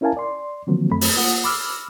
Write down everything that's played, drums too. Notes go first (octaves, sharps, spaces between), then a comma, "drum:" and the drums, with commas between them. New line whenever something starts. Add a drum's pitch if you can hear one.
C#4 E4 A#4 F5 G#5 A5
D5 C6
D3 D#3 F3 F#3 A#3 C4
F#2 A3 C4 B5
drum: open hi-hat
A#3 F4 F#5 D#6
B5 D6 E6 F6